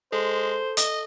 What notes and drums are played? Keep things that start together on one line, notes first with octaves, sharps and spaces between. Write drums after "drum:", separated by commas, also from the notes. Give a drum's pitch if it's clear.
G#3 A4 C5
D#5, drum: hi-hat